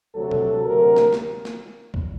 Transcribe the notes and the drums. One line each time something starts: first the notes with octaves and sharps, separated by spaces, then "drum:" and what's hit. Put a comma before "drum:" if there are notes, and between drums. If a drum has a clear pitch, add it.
D2 C3 F#3 A4
drum: tom B2
D2 C3 F#3 A#4
drum: snare
drum: snare
drum: snare
drum: kick C2